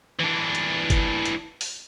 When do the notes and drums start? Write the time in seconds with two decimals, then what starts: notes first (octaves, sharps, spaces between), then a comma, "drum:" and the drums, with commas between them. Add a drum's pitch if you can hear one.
0.19 E3 D4
0.55 drum: hi-hat
0.90 drum: kick, hi-hat
1.25 drum: hi-hat
1.61 drum: open hi-hat